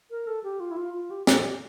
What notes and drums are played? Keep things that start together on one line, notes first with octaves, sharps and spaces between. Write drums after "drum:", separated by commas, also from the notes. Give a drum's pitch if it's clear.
A#4
A4
G4
F4
E4
F4
F4
G4
A4, drum: snare
G4